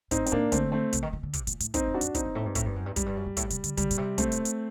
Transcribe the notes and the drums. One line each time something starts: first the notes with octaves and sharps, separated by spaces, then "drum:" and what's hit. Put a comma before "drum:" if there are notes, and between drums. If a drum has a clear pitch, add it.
A2 C4 D#4, drum: kick, hi-hat
C4, drum: hi-hat
A#2 A#3 D4
D3 A3 C4, drum: kick, hi-hat
A3 C4
C3, drum: kick, hi-hat
D#3
D#3
D3
C3, drum: kick, hi-hat
A#2, drum: hi-hat
A2, drum: hi-hat
G2 C4 D#4, drum: kick, hi-hat
F#2
D4 F#4
F#2, drum: hi-hat
F#2 C4 D#4, drum: kick, hi-hat
G2
A2
G2
A2, drum: kick, hi-hat
G2
F#2
G2
F#2 G3, drum: kick, hi-hat
G2
F#2
G2
A2, drum: kick, hi-hat
C3, drum: hi-hat
D3, drum: hi-hat
D3 G3, drum: kick, hi-hat
A#2, drum: hi-hat
C3
A3 C4, drum: kick, hi-hat
drum: hi-hat
drum: hi-hat